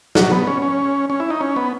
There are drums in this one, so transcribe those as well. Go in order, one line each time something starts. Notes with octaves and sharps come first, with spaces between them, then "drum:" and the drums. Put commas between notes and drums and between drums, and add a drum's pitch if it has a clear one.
F#3, drum: snare
B3
C#4
C#4
C#4
E4
D#4
C#4
B3